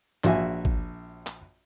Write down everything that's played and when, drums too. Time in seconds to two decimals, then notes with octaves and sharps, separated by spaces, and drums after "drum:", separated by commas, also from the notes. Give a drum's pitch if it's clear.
0.24 A#1 F#4 E5 G#5, drum: clap
0.65 drum: kick
1.27 drum: clap